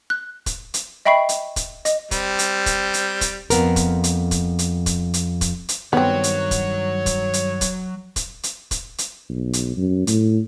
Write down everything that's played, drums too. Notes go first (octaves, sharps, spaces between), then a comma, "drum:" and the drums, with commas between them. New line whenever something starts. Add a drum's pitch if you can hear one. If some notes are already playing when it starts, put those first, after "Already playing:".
F#6
drum: kick E1, hi-hat
drum: hi-hat
D#5 E5 G5 B5 C#6 C7
drum: hi-hat
drum: kick E1, hi-hat
D#5, drum: hi-hat
G3 C4, drum: kick E1, hi-hat
drum: hi-hat
drum: kick E1, hi-hat
drum: hi-hat
drum: kick E1, hi-hat
F2 B3 A#4, drum: hi-hat
drum: kick E1, hi-hat
drum: hi-hat
drum: kick E1, hi-hat
drum: hi-hat
drum: kick E1, hi-hat
drum: hi-hat
drum: kick E1, hi-hat
drum: hi-hat
G2 D#3 F#3 B3 C4 C#5 F#5
drum: hi-hat
drum: kick E1, hi-hat
drum: kick E1, hi-hat
drum: hi-hat
drum: kick E1, hi-hat
drum: kick E1, hi-hat
drum: hi-hat
drum: kick E1, hi-hat
drum: hi-hat
B1
drum: hi-hat
F#2
A2, drum: hi-hat